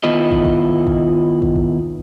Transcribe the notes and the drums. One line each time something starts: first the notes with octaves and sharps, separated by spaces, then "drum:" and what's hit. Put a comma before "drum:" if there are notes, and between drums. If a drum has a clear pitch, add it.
D#3 B3 E4 F4 D#5
drum: kick
drum: kick
drum: kick
drum: kick
drum: kick